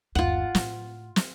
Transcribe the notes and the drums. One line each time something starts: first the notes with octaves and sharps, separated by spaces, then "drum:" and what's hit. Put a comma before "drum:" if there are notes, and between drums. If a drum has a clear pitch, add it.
G1 D#2 F4 F#5
A2, drum: snare
drum: snare